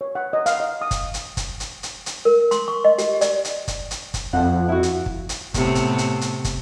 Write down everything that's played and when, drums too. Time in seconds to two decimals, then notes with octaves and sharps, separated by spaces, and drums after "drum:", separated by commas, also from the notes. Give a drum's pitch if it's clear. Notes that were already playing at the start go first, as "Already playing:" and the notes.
0.01 C#5
0.15 F#5
0.33 D#5
0.46 F5, drum: hi-hat
0.60 D#5
0.81 D#6
0.91 drum: kick, hi-hat
1.14 drum: hi-hat
1.37 drum: kick, hi-hat
1.60 drum: hi-hat
1.83 drum: hi-hat
2.06 drum: hi-hat
2.25 A#4
2.51 C6, drum: hi-hat
2.68 C#6
2.85 D#5
2.98 G4, drum: hi-hat
3.21 D5, drum: hi-hat
3.45 drum: hi-hat
3.68 drum: kick, hi-hat
3.91 drum: hi-hat
4.14 drum: kick, hi-hat
4.33 F2 F3 F#5
4.68 E4 F#4
4.83 drum: hi-hat
5.06 drum: kick
5.29 drum: hi-hat
5.54 A2 C3 B3, drum: kick, hi-hat
5.75 drum: hi-hat
5.98 drum: hi-hat
6.21 drum: hi-hat
6.44 drum: kick, hi-hat